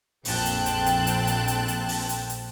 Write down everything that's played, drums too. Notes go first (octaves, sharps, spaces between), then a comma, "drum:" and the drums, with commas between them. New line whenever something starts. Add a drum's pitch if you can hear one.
A#1 F2 C4 G5 A5 F#6, drum: open hi-hat
drum: hi-hat
drum: hi-hat
drum: hi-hat
drum: hi-hat
drum: hi-hat
drum: hi-hat
drum: hi-hat
drum: open hi-hat
drum: hi-hat
drum: hi-hat